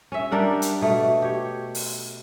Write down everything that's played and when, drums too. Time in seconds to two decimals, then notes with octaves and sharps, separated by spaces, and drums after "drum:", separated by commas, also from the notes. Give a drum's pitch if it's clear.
0.12 C#4 E5
0.31 G3 D4 A#4 F#5
0.62 drum: hi-hat
0.81 B2 A3
1.22 G4 C#5
1.75 drum: open hi-hat